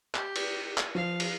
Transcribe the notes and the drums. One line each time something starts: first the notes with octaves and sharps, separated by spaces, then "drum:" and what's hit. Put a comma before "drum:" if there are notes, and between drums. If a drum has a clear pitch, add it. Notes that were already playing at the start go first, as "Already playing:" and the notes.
G4, drum: clap
drum: cymbal
drum: clap
F3 F5
drum: cymbal